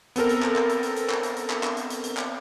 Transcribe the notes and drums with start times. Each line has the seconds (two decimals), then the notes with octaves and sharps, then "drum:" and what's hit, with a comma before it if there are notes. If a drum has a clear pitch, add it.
0.16 B3 C4 A4 A#4, drum: hi-hat
0.29 drum: hi-hat
0.43 drum: clap
0.56 drum: clap
0.69 drum: hi-hat
0.83 drum: hi-hat
0.96 drum: hi-hat
1.10 drum: clap
1.23 drum: hi-hat
1.37 drum: hi-hat
1.50 drum: clap
1.63 drum: clap
1.77 drum: hi-hat
1.90 drum: hi-hat
2.04 drum: hi-hat
2.17 drum: clap